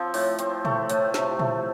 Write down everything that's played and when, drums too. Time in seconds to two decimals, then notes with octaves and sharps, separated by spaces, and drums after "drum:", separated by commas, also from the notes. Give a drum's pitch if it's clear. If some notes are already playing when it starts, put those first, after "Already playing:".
Already playing: F3 C4 A4
0.14 A2, drum: open hi-hat
0.39 C4, drum: hi-hat
0.65 A3, drum: tom A#2
0.89 A2, drum: hi-hat
1.14 C3, drum: snare
1.39 A3, drum: tom A#2